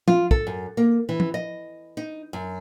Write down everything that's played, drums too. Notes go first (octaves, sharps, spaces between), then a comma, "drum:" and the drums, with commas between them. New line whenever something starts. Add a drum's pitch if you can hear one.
F4, drum: tom F3
A4, drum: kick
F#2
A#3
E3
drum: tom F3
D#5
D#4
F#2